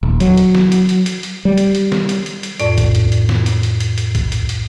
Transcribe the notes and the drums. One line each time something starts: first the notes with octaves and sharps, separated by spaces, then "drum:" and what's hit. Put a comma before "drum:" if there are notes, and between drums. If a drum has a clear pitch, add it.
D#1
F#3, drum: hi-hat
drum: hi-hat
drum: snare
drum: hi-hat
drum: hi-hat
drum: hi-hat
drum: hi-hat
G3
drum: hi-hat
drum: hi-hat
drum: snare
drum: hi-hat
drum: hi-hat
drum: hi-hat
F2 A2 D5, drum: hi-hat
drum: kick B1, hi-hat
drum: hi-hat
drum: hi-hat
drum: snare
drum: hi-hat
drum: hi-hat
drum: hi-hat
drum: hi-hat
drum: kick B1, hi-hat
drum: hi-hat
drum: hi-hat